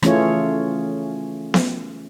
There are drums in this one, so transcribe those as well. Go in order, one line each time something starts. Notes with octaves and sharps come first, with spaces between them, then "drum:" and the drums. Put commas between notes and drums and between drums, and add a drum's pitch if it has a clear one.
E3 A3 C#4 F4 G#4 C#5, drum: rim click
drum: snare B3